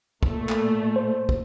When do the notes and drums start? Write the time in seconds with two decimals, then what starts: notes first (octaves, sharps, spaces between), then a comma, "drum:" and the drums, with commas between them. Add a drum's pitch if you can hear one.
0.23 A#2 A3, drum: kick
0.49 drum: clap
0.96 C5
1.29 drum: kick